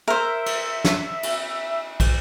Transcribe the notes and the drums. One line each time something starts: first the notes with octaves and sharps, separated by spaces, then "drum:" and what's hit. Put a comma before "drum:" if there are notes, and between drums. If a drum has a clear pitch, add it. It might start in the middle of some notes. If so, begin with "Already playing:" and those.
A#4 C5 E5
drum: cymbal
drum: snare
drum: cymbal
drum: kick, cymbal